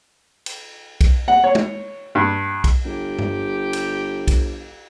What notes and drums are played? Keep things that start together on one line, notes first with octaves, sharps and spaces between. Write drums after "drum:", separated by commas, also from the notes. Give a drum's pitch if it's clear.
drum: cymbal
drum: kick B1, cymbal
F#5
C#5
drum: tom
G2
drum: kick B1, cymbal
G1 G4
drum: tom G2
drum: cymbal
drum: kick B1, cymbal